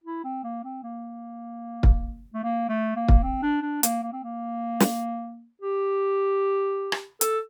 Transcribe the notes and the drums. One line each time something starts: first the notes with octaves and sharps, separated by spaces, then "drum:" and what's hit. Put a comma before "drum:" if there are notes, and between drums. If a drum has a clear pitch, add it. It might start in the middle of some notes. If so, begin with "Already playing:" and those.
E4
C4
A#3
C4
A#3
drum: kick
A3
A#3
A3
A#3
drum: kick
C4
D4
D4
A#3, drum: hi-hat
A#3
C4
A#3
drum: snare
G4
drum: rim click
A4, drum: hi-hat